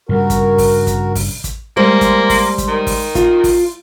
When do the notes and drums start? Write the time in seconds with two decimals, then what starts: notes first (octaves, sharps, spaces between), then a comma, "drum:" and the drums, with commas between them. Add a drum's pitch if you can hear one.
0.09 G2 C#3 G3 F#4 A#4
0.30 drum: kick, hi-hat
0.58 drum: kick, open hi-hat
0.87 drum: kick, hi-hat
1.15 drum: kick, open hi-hat
1.44 drum: kick, hi-hat
1.77 G3 G#3 A#3 C5
2.01 drum: kick, hi-hat
2.30 drum: kick, open hi-hat
2.58 drum: kick, hi-hat
2.68 D#3
2.87 drum: kick, open hi-hat
3.15 F4, drum: kick, hi-hat
3.44 drum: kick, open hi-hat